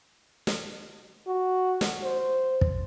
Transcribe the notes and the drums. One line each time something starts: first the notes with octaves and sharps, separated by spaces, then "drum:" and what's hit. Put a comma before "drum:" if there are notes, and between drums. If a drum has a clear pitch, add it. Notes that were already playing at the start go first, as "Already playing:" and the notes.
drum: snare
F#4
drum: snare
C5
drum: kick